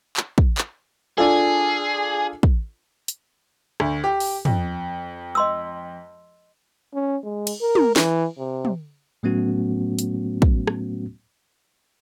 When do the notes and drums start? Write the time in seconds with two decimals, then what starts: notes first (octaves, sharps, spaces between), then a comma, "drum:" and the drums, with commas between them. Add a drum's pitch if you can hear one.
0.17 drum: clap
0.38 drum: kick
0.58 drum: clap
1.18 D4 F4 G#4 A4
2.43 drum: kick
3.08 drum: hi-hat
3.80 D2, drum: rim click
4.04 G4
4.20 drum: open hi-hat
4.45 F2, drum: tom
5.35 D#5 C6 E6
6.94 C#4
7.24 G#3
7.47 drum: cymbal
7.62 A#4
7.75 drum: tom
7.96 E3, drum: snare
8.39 C3
8.65 drum: tom
9.23 A2 F#3 A3 B3 C#4 F#4
9.99 drum: hi-hat
10.42 drum: kick
10.67 drum: rim click